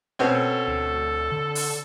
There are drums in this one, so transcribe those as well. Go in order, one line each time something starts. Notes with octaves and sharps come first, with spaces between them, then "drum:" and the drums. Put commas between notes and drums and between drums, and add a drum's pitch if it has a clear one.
B2 C4 C#4
A4
D2
D3
drum: open hi-hat